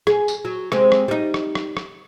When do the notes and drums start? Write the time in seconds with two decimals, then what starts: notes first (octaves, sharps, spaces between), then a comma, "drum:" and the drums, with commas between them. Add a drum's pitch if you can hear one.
0.07 G#4, drum: rim click
0.28 drum: tambourine
0.45 F#3
0.72 C3 G#3 C4, drum: rim click
0.92 drum: rim click
1.08 G3 D#4
1.34 drum: rim click
1.55 drum: rim click
1.77 drum: rim click